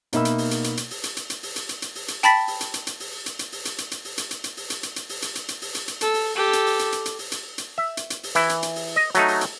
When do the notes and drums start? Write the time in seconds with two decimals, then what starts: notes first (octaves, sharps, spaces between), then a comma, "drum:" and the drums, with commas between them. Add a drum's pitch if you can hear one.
0.13 B2 A#3 D#4 E5 B5 E6, drum: hi-hat
0.25 drum: hi-hat
0.38 drum: open hi-hat
0.51 drum: hi-hat
0.64 drum: hi-hat
0.77 drum: hi-hat
0.90 drum: open hi-hat
1.04 drum: hi-hat
1.17 drum: hi-hat
1.30 drum: hi-hat
1.43 drum: open hi-hat
1.56 drum: hi-hat
1.69 drum: hi-hat
1.82 drum: hi-hat
1.95 drum: open hi-hat
2.08 drum: hi-hat
2.23 G5 A5 B5 A6 B6, drum: hi-hat
2.47 drum: open hi-hat
2.61 drum: hi-hat
2.74 drum: hi-hat
2.87 drum: hi-hat
3.00 drum: open hi-hat
3.26 drum: hi-hat
3.39 drum: hi-hat
3.52 drum: open hi-hat
3.65 drum: hi-hat
3.78 drum: hi-hat
3.91 drum: hi-hat
4.05 drum: open hi-hat
4.18 drum: hi-hat
4.31 drum: hi-hat
4.44 drum: hi-hat
4.57 drum: open hi-hat
4.70 drum: hi-hat
4.83 drum: hi-hat
4.96 drum: hi-hat
5.09 drum: open hi-hat
5.22 drum: hi-hat
5.35 drum: hi-hat
5.48 drum: hi-hat
5.62 drum: open hi-hat
5.75 drum: hi-hat
5.88 drum: hi-hat
6.01 A4, drum: hi-hat
6.14 drum: open hi-hat
6.35 G4 A4
6.53 drum: hi-hat
6.66 drum: open hi-hat
6.79 drum: hi-hat
6.92 drum: hi-hat
7.05 drum: hi-hat
7.19 drum: open hi-hat
7.32 drum: hi-hat
7.58 drum: hi-hat
7.78 E5
7.97 drum: hi-hat
8.10 drum: hi-hat
8.23 drum: open hi-hat
8.35 E3 E4, drum: hi-hat
8.49 drum: hi-hat
8.63 drum: hi-hat
8.76 drum: open hi-hat
8.96 D#5
9.15 F#3 A3 D#4, drum: hi-hat
9.28 drum: open hi-hat
9.41 drum: hi-hat